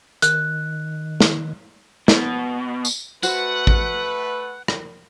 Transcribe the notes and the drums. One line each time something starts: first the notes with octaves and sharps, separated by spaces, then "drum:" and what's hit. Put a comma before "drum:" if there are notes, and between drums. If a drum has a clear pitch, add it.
D#3 F#6, drum: hi-hat
drum: snare
B2, drum: snare
drum: tambourine
A3 F#4 B4 C5 F#5, drum: tambourine
drum: kick A1
drum: rim click